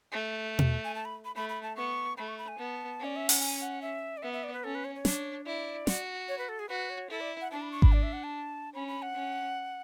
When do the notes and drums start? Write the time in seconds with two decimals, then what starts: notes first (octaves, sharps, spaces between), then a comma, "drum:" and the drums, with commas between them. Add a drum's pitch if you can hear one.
0.12 A3
0.59 drum: tom B2
0.84 G#5
0.95 A5
1.05 B5
1.25 B5
1.35 A3 B5
1.49 B5
1.63 A5
1.76 B3 C#6
2.17 A3 B5
2.28 C#6
2.38 B5
2.48 G#5
2.58 B3 A5
3.00 C#4 D5
3.16 E5
3.29 F#5, drum: open hi-hat
3.41 G#5
3.61 F#5
3.82 E5
4.17 D5
4.22 B3 E5
4.33 E5
4.44 D5
4.54 B4
4.64 C#4 A4
4.75 B4
4.85 C#5
4.95 C#5
5.05 D4, drum: snare
5.46 E4 D5
5.87 F#4, drum: snare
6.29 C#5
6.38 B4
6.49 A4
6.59 G#4
6.69 F#4 B4
6.90 C#5
7.10 E4 A4
7.21 D5
7.41 F#5
7.51 D4 A5
7.62 B5
7.72 C#6
7.82 B5, drum: kick G#1
7.92 D5
8.03 E5
8.13 F#5
8.24 A5
8.75 C#4 B5
8.88 B5
9.02 F#5
9.15 C#4